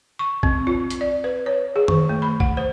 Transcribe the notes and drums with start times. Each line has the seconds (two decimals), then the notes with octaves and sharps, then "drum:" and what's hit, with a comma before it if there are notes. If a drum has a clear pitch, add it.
0.19 C#6
0.43 C4, drum: kick A1
0.67 F4
0.90 drum: hi-hat
1.01 D5
1.24 B4
1.46 C#5
1.76 G#4
1.88 D#3, drum: tom F#2
2.09 A3
2.22 B5
2.40 F#5, drum: kick A1
2.57 C5